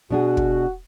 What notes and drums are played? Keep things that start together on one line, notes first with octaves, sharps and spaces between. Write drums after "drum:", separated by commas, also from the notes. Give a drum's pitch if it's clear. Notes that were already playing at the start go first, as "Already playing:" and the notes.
B2 D4 F#4 G#4
drum: kick